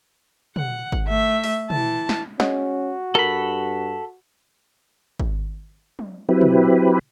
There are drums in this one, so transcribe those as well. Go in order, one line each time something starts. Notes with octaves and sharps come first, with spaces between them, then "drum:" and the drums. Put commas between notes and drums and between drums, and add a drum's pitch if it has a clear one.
F#5, drum: tom
drum: kick G#1
A3 E5
drum: open hi-hat
E3 A5, drum: tom
drum: snare
G#3 C#4 F#4 F#5, drum: snare
G2 A4 A#4 B5
drum: kick G#1
drum: tom
F#3 C4 E4 G4 B4
drum: tom